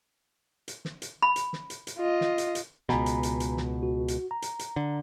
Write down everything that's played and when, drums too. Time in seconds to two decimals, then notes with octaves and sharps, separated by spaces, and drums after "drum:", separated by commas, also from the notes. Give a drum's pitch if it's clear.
0.68 drum: hi-hat
0.85 drum: snare
1.02 drum: hi-hat
1.22 B5
1.36 drum: hi-hat
1.53 drum: snare
1.70 drum: hi-hat
1.87 drum: hi-hat
1.98 F4 D#5
2.21 drum: snare
2.38 drum: hi-hat
2.55 drum: hi-hat
2.89 C#2 B2 G#5 A#5 B5, drum: snare
3.06 drum: hi-hat
3.23 drum: hi-hat
3.40 drum: hi-hat
3.57 drum: snare
3.83 F#4
4.08 drum: hi-hat
4.31 A#5
4.42 drum: hi-hat
4.59 drum: hi-hat
4.76 D3